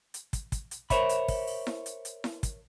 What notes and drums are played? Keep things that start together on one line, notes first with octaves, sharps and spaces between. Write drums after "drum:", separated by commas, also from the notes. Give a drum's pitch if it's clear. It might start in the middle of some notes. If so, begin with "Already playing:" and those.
drum: hi-hat
drum: kick, hi-hat
drum: kick, hi-hat
drum: hi-hat
A#4 C5 C#5 E5 B5, drum: kick, hi-hat
drum: hi-hat
drum: kick, open hi-hat
drum: open hi-hat
drum: snare E4
drum: hi-hat
drum: hi-hat
drum: snare E4
drum: kick, hi-hat